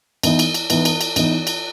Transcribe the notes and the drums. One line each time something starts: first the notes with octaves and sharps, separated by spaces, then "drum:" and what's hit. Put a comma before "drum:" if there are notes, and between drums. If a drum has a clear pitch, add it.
E3 B3 D#4, drum: cymbal
drum: cymbal
drum: cymbal
E3 B3 D#4, drum: cymbal
drum: cymbal
drum: cymbal
E3 B3 D#4, drum: cymbal
drum: cymbal